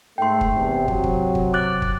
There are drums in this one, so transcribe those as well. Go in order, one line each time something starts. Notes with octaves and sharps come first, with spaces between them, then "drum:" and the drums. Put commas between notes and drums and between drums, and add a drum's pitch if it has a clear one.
G#2 A3 G5 C6
drum: kick
E2 C3
C3 F#3, drum: kick
drum: kick
drum: kick
D6 F#6 A6
drum: kick